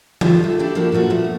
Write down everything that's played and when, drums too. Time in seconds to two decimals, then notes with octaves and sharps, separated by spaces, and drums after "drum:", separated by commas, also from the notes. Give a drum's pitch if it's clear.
0.21 F#3 G3 A3 D4 D#4 F4, drum: tom E3
0.44 A3
0.59 D4 E4 G4 A4
0.75 F3 A#3 D4 E4 F#4
0.92 A#2 F3 A3 F#4 G#4
1.10 F3 F#3 A3 B3